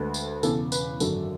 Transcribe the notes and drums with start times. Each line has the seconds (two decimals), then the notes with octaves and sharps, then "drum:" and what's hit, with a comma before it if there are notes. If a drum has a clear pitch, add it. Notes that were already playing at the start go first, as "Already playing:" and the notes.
Already playing: D2 D3 G#3 B4
0.14 drum: tambourine
0.43 E1 E2 C#3 A4, drum: tambourine
0.72 B4, drum: tambourine
1.00 G#1 F#2 D3 F#3 A4, drum: tambourine